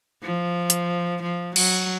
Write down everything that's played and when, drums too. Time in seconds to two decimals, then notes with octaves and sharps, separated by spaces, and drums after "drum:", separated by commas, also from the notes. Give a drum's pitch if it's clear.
0.23 F3
0.70 drum: hi-hat
1.23 F3
1.56 F#3, drum: cymbal